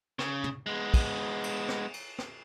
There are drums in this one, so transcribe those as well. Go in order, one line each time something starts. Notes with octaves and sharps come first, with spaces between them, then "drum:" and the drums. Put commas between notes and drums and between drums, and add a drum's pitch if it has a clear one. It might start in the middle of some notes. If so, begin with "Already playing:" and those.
C#3, drum: rim click
drum: tom
G#3 B3
drum: kick, cymbal
drum: cymbal
drum: rim click
drum: cymbal
drum: rim click